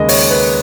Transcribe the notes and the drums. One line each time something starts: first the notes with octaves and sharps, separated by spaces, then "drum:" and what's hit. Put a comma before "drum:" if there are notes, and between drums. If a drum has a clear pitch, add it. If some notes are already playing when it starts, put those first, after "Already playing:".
Already playing: D#2 C#3 G#3 D#5
C#5, drum: open hi-hat
B4